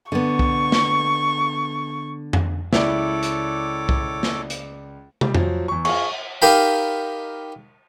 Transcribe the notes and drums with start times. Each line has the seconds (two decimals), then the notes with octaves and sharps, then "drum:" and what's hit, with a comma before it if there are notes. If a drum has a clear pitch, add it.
0.12 D3 B3 C#6
0.39 drum: kick C2
0.72 drum: snare
2.33 drum: tom F2
2.73 C#2 E4 A4 C#5 D5 D6, drum: snare
3.23 drum: hi-hat
3.89 drum: kick C2
4.23 drum: snare
4.50 drum: hi-hat
5.21 G3, drum: tom
5.35 F3 F#3, drum: tom F2
5.68 E2 C#6
5.85 F4 G#4 C#6, drum: cymbal
6.42 D#4 G4 A#4 F5 G5 B5